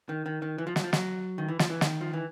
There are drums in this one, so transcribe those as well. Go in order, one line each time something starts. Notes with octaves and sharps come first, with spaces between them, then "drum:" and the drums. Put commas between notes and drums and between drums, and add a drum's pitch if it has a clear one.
D#3
D#3
D#3
E3
F3
F#3, drum: snare
F3
F#3, drum: snare
D#3
E3
F3, drum: snare
E3
D#3, drum: snare
F3
E3